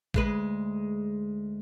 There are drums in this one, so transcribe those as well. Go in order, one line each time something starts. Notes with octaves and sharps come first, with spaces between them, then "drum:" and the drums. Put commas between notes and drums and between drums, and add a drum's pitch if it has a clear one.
D2 G#3 B4, drum: kick